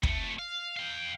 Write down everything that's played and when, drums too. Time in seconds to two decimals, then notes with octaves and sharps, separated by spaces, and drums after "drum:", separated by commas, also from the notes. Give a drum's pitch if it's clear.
0.03 F2 A3, drum: kick
0.39 F5
0.77 F5 G5